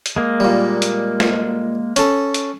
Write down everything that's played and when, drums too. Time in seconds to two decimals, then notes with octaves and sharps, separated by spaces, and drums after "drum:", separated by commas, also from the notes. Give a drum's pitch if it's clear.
0.06 drum: hi-hat
0.16 G#3 A#3
0.40 A#2 G3
0.82 drum: hi-hat
1.20 drum: snare
1.96 C#4 A4, drum: hi-hat
2.34 drum: hi-hat